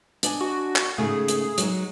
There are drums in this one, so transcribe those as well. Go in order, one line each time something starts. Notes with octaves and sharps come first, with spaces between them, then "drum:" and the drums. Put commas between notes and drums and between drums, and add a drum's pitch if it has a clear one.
D4 D#5 G#5, drum: hi-hat
F#4
drum: clap
G#2 C#3 A3 G#4
drum: hi-hat
F#3 G#3 D#4, drum: hi-hat